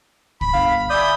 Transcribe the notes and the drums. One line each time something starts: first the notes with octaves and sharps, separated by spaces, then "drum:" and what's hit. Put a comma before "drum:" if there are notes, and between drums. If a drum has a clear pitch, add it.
B5, drum: kick
G1 F5 B6
D5 E5 G#5 B5 D#6 G6